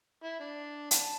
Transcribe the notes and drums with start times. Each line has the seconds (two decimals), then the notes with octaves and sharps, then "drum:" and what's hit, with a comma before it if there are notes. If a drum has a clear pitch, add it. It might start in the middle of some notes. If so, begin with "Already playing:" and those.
0.23 E4
0.40 D4
0.91 A5, drum: hi-hat